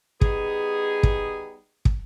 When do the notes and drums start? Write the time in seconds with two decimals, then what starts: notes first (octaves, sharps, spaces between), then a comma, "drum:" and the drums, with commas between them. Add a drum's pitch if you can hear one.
0.21 G3 B3 D#4 G#4, drum: kick
1.03 drum: kick
1.85 drum: kick